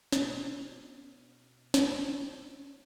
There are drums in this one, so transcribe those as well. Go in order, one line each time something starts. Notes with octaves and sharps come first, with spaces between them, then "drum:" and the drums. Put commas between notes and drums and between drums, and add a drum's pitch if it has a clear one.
B2 F6 D#7, drum: snare
drum: snare